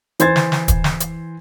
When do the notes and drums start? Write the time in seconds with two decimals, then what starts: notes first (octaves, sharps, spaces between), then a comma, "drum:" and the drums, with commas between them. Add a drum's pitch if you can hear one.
0.20 E3 C5 C6 G#6 A6, drum: hi-hat
0.36 drum: snare
0.52 drum: snare
0.68 drum: kick, hi-hat
0.84 drum: snare
1.00 drum: hi-hat